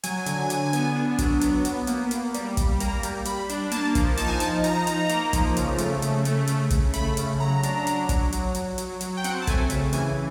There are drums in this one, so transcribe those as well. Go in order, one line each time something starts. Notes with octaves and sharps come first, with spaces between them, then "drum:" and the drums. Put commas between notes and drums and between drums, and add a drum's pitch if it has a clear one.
F#3 G#5, drum: hi-hat
D3, drum: hi-hat
D3, drum: hi-hat
B3, drum: hi-hat
D4
F#3, drum: kick, hi-hat
B3, drum: hi-hat
B3, drum: hi-hat
A#3, drum: hi-hat
A#3, drum: hi-hat
G3, drum: hi-hat
G3, drum: kick, hi-hat
A#3 A#5, drum: hi-hat
G3, drum: hi-hat
G3 B5, drum: hi-hat
D4, drum: hi-hat
A#3 A5, drum: hi-hat
F3, drum: kick, hi-hat
D#4 A5, drum: hi-hat
G#5
F3 A5, drum: hi-hat
D#4 A#5, drum: hi-hat
D#4, drum: hi-hat
A#3, drum: hi-hat
F3, drum: kick, hi-hat
C#3, drum: hi-hat
A3, drum: hi-hat
C#3, drum: hi-hat
A3, drum: hi-hat
C#3, drum: hi-hat
C#3, drum: kick, hi-hat
A3 B5, drum: hi-hat
C#3, drum: hi-hat
F#3 A#5
D4, drum: hi-hat
F#3, drum: hi-hat
F#3, drum: kick, hi-hat
F#3, drum: hi-hat
F#3, drum: hi-hat
F#3, drum: hi-hat
F#3, drum: hi-hat
G5
C4 F#5, drum: hi-hat
A5
A3 G#5, drum: kick, hi-hat
C#3, drum: hi-hat
E3 G#5, drum: hi-hat